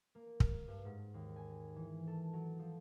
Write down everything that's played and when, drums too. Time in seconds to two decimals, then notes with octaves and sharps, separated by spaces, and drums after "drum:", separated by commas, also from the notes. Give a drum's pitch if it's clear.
0.15 A#3
0.40 F6, drum: kick
0.68 G2
0.85 G#2
1.14 D#2
1.36 G#5
1.76 E3
2.07 A4
2.33 F#3
2.59 F3